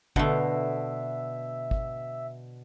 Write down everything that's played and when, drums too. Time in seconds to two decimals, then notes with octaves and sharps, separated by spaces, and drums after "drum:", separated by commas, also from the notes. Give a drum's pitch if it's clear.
0.16 B2 D3 A3 E5, drum: kick
1.71 drum: kick